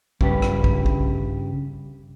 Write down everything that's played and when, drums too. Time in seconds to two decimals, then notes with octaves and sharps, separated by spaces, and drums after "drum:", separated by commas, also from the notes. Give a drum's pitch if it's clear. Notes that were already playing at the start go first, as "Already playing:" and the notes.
0.21 G2 C#3 G3 G4 B4, drum: kick
0.42 drum: rim click
0.64 drum: kick
0.86 drum: kick